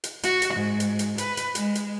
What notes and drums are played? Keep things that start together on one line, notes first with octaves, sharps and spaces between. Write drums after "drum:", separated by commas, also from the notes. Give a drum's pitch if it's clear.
drum: hi-hat
F#4, drum: hi-hat
drum: hi-hat
G#2
drum: hi-hat
drum: hi-hat
B4, drum: hi-hat
drum: hi-hat
G#3, drum: hi-hat
drum: hi-hat